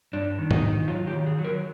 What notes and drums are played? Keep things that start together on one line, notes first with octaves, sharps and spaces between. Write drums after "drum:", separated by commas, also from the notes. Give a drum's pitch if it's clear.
G2 D4
D#3
D#4, drum: tom G#2
D#3
F#3 F4
G4
D#3
G#4
F#3
A#4